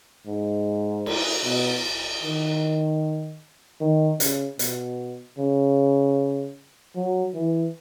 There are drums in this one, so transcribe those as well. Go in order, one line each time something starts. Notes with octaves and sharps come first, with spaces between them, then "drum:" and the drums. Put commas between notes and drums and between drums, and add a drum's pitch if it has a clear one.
G#2
drum: cymbal
B2
D#3
D#3
C#3, drum: hi-hat
B2, drum: hi-hat
C#3
F#3
E3